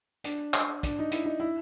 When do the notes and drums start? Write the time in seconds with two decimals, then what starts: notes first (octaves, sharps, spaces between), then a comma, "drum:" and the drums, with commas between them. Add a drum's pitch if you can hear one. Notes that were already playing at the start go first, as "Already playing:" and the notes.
0.24 D4, drum: hi-hat
0.54 drum: clap
0.83 D4, drum: kick, hi-hat
0.99 D#4
1.12 E4, drum: hi-hat
1.25 D#4
1.40 E4